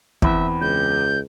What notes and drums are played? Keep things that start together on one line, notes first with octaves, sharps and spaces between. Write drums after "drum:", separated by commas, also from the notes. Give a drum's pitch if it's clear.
E2 C4 B4 E5, drum: kick
C#2 G6